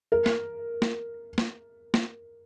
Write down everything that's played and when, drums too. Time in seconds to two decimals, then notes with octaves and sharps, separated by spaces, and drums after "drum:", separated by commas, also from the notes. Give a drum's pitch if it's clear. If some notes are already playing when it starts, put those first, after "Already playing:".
0.12 A#4
0.26 drum: snare
0.82 drum: snare
1.38 drum: snare
1.94 drum: snare